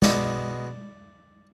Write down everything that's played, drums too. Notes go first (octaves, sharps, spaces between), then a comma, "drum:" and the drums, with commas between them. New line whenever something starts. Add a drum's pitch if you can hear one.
B2 G#3 D5, drum: snare